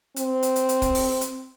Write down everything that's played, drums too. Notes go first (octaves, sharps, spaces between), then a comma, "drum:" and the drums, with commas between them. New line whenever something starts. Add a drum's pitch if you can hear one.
C4, drum: hi-hat
drum: hi-hat
drum: hi-hat
drum: hi-hat
drum: kick, hi-hat
drum: open hi-hat
drum: hi-hat